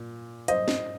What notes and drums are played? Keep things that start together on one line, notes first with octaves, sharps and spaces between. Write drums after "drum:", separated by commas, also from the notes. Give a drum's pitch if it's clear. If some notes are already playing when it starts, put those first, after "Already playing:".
Already playing: A#2
C5 D#5, drum: hi-hat
drum: snare